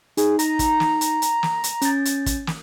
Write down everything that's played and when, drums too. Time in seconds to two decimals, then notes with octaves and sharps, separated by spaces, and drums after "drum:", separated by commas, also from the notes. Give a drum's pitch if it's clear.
0.17 D#4 G#4, drum: hi-hat
0.39 A#5, drum: hi-hat
0.59 drum: kick, hi-hat
0.80 drum: snare
1.01 drum: hi-hat
1.22 drum: hi-hat
1.43 drum: snare
1.64 drum: hi-hat
1.82 C#4 G6 A6, drum: hi-hat
2.05 drum: hi-hat
2.26 drum: kick, hi-hat
2.47 drum: snare